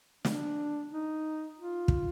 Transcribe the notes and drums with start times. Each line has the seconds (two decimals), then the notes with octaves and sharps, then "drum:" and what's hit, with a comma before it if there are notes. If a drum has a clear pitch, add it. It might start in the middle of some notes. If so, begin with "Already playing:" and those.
0.25 D4, drum: snare
0.92 D#4
1.59 F4
1.88 drum: kick